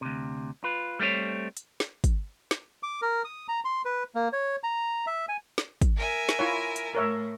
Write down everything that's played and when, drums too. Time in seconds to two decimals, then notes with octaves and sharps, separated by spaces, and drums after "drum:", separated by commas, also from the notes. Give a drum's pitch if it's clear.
0.01 D2 C3
0.64 F4 B4
1.00 G3 A3 C4 F4 C#5
1.57 drum: hi-hat
1.80 drum: snare
2.04 drum: kick, hi-hat
2.51 drum: snare
2.83 D6
3.02 A#4
3.24 D#6
3.48 A#5
3.65 C6
3.85 B4
4.15 A#3
4.33 C#5
4.63 A#5
5.07 E5
5.29 G#5
5.58 drum: snare
5.81 drum: kick, hi-hat
5.96 A#4 E5 G#5
6.29 drum: snare
6.39 E4 F4 C#5
6.76 drum: hi-hat
6.95 A2 A#4 C#5 E5